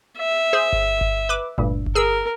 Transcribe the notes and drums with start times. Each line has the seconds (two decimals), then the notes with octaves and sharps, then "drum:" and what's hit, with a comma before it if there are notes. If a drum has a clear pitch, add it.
0.18 E5
0.53 G#4 C5
0.73 drum: kick G1
1.01 drum: kick G1
1.29 B4 D6
1.58 D2 G2 A#2, drum: kick G1
1.86 drum: kick G1
1.95 G#4 A#4 E6